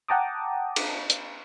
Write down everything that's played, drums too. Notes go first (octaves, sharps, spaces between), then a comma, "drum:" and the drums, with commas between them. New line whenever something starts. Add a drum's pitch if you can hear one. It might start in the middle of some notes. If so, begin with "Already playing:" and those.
F#5 G5 A5 A#5 D6 D#6
drum: cymbal
drum: hi-hat